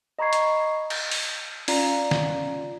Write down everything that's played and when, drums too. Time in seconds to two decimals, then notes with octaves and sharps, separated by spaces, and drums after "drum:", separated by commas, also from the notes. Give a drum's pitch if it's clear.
0.19 D#5 A#5 B5 C#6 G#6 C7
0.33 drum: hi-hat
0.90 G6, drum: cymbal
1.11 drum: open hi-hat
1.68 C#4 F4 D5 F5 A#5, drum: open hi-hat
2.11 drum: snare